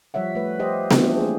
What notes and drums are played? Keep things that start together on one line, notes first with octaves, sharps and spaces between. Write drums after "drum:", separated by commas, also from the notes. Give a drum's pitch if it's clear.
F3 G3 C#5 E5 F#5
A3 B4
G4 C5 D#5
E3 G3 A3 C4 D4 F4, drum: snare B3
A3 A#3 G#4